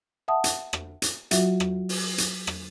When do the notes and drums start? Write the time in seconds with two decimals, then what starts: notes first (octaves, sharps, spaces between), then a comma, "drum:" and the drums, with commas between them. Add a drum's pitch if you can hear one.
0.28 E5 F#5 A5 D#6
0.44 drum: hi-hat
0.73 drum: rim click
1.02 drum: hi-hat
1.31 F#3 F4 F#4 E5, drum: hi-hat
1.60 drum: rim click
1.89 drum: open hi-hat
2.18 drum: hi-hat
2.47 drum: rim click